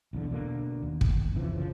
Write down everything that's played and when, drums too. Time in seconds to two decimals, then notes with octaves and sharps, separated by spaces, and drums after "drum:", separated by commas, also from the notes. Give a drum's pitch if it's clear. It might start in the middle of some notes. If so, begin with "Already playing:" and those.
0.13 B1 E2 D3
0.31 B2 D3 A#3
0.82 D#2
1.01 drum: kick
1.34 F#2 C3 E3 F3
1.54 C#3 F3